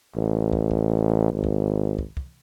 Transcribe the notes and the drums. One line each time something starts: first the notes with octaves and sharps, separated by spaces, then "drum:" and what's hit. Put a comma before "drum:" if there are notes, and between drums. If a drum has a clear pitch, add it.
A1
drum: kick
drum: kick
G#1
drum: kick
drum: kick
drum: kick